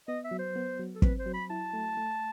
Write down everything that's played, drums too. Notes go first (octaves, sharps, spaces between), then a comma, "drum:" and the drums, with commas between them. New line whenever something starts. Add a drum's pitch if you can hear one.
B3 D#5
E5
F#3
C5
B3
F#3
A4
C4 B4, drum: kick
C5
F#3
B5
E4 A5
A3
A3